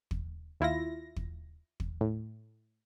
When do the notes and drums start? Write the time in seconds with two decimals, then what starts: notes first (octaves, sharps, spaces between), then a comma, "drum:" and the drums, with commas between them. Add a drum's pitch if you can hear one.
0.11 drum: kick
0.60 D#2 E4 F4 A#6
1.16 drum: kick
1.80 drum: kick
2.01 A2